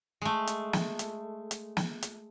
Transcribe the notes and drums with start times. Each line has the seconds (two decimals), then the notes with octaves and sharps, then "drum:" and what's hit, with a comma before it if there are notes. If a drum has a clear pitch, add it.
0.22 G#3 A3
0.47 drum: hi-hat
0.73 drum: snare
0.99 drum: hi-hat
1.51 drum: hi-hat
1.77 drum: snare
2.02 drum: hi-hat